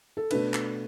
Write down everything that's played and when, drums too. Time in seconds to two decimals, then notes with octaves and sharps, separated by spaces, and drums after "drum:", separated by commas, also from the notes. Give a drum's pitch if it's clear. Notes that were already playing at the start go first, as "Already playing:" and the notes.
0.17 A4
0.31 B2 A3 D4 B4, drum: cymbal
0.54 drum: clap